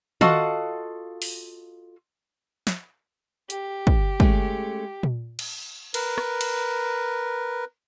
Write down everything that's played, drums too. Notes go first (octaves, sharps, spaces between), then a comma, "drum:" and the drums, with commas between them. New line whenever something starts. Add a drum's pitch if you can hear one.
F4 F#4 A4 D#5 F5 F#5, drum: tom D#3
drum: open hi-hat
drum: snare
G4, drum: hi-hat
drum: kick
G#3 A3 C#4, drum: kick
drum: tom A#2
drum: cymbal
A#4 B4, drum: cymbal
drum: rim click
drum: cymbal